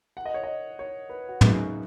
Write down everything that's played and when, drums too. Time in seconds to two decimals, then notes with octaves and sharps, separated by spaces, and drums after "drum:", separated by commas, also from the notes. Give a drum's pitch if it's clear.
0.17 F#5
0.26 D#5
0.34 C#5
0.43 D#5
0.79 C#5
1.09 B4
1.29 F#4
1.41 F#2 C#3 B3 D#4 F#4 G#4, drum: tom